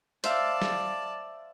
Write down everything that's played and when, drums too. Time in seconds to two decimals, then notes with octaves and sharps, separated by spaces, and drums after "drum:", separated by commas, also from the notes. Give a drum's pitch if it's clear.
0.24 C5 D5 E5 F5 A5, drum: hi-hat
0.62 drum: snare G3